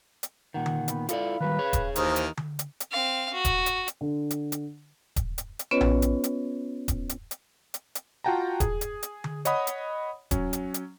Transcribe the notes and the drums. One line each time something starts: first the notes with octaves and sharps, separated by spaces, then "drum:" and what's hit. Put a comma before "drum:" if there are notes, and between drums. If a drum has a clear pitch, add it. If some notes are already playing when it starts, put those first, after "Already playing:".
drum: hi-hat
A#2 D#3 F#5
drum: tom D3
B3, drum: hi-hat
E4 F4 A4 D5 F5, drum: hi-hat
D#3 F#3 G3 B4
G#4 C#5
drum: kick D#1, hi-hat
D#2 D#3 E3 D#4 C5, drum: hi-hat
drum: hi-hat
drum: tom D3
drum: hi-hat
drum: hi-hat
C4 F5
F#4
drum: kick D#1, hi-hat
drum: hi-hat
drum: hi-hat
D3
drum: hi-hat
drum: hi-hat
drum: kick D#1, hi-hat
drum: hi-hat
drum: hi-hat
B3 C#4 F4 B4 C#5 D#5
drum: tom A#1
drum: hi-hat
drum: hi-hat
drum: kick D#1, hi-hat
drum: hi-hat
drum: hi-hat
drum: hi-hat
drum: hi-hat
F4 F#4 F#5 G5 A5 A#5
G#4, drum: kick D#1, hi-hat
drum: hi-hat
drum: hi-hat
drum: tom D3
C#5 D#5 F#5 B5 D#6, drum: hi-hat
drum: hi-hat
F#3 C#4, drum: kick D#1, hi-hat
drum: hi-hat
drum: hi-hat